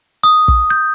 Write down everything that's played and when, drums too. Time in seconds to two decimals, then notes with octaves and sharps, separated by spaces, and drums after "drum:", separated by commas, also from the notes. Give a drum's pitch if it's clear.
0.23 D#6
0.48 drum: kick
0.70 G6